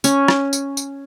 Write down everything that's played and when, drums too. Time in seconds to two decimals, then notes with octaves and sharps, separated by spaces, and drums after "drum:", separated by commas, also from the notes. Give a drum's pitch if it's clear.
0.04 C#4, drum: tambourine
0.28 drum: rim click
0.53 drum: tambourine
0.77 drum: tambourine